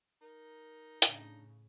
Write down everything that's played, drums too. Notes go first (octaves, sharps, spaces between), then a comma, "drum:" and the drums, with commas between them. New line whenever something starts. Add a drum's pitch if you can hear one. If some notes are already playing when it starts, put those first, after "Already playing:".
D#4 A#4
A2 C#3 D4, drum: hi-hat